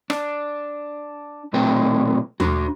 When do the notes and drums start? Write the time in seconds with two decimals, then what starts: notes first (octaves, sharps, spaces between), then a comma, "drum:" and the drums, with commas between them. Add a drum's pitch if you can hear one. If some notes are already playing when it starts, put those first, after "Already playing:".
0.10 D4, drum: rim click
1.53 B1 A#2 A3 C4 B4 G5
2.40 D4 F#4, drum: tom D#2